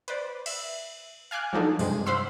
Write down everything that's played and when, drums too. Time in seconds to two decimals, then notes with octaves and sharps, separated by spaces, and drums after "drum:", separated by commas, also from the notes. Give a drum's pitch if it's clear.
0.08 B4 C5 D5, drum: hi-hat
0.46 E5, drum: cymbal
1.31 F5 G#5 D6 F#6
1.53 F3 F#3 D4 D#4 A4
1.79 G2 C3 G#3, drum: open hi-hat
2.06 C5 F5 F#5 B5 C6 E6